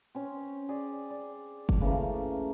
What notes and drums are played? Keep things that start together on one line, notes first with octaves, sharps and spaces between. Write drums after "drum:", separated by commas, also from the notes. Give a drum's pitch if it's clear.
C4 C#4 C#5
G#4 D5
D5
drum: kick F#1
C#3 E3 A3 A#3